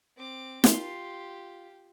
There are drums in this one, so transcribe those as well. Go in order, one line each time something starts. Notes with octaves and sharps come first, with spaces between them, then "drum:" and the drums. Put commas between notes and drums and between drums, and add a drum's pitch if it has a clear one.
C4 D6
F4 G4, drum: snare